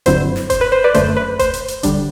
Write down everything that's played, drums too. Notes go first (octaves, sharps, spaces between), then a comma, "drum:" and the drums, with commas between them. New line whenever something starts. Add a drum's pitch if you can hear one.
G2 D3 F#3 C4 E4 C5, drum: kick F1, hi-hat
drum: snare
C5, drum: kick F1, hi-hat
B4
C5
B4 D5
F#2 D3 A3 C5, drum: kick F1, hi-hat
B4
C5, drum: kick F1, hi-hat
drum: hi-hat
drum: hi-hat
D3 G3 D4, drum: kick F1, hi-hat